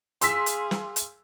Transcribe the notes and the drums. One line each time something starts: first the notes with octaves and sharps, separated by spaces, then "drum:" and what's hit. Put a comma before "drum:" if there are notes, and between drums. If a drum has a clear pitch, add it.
G#4 F5 C6 E6 B6, drum: hi-hat
drum: hi-hat
drum: snare
drum: hi-hat